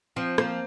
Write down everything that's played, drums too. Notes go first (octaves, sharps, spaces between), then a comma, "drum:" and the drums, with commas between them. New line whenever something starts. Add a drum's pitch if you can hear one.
F3 C4
F3 A#3, drum: rim click